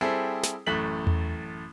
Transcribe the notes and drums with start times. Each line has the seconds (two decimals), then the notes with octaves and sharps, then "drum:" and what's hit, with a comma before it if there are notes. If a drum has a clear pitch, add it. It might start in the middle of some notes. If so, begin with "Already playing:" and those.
0.01 G3 C4 E4 G#4 A4
0.43 drum: snare
0.66 A1 F#2 A3 F#6 B6 F#7
1.07 drum: tom E2